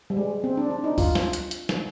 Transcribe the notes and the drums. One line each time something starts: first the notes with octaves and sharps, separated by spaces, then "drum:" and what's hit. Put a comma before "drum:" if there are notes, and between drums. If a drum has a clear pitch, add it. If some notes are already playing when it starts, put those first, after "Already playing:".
G3
G#3
C4
D4
D4
D#4
F4, drum: kick, open hi-hat
drum: snare
drum: hi-hat
drum: hi-hat
drum: snare